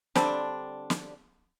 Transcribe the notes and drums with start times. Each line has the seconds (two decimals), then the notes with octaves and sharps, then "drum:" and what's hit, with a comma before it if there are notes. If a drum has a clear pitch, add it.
0.15 D3 G3 C4 D4, drum: snare
0.90 drum: snare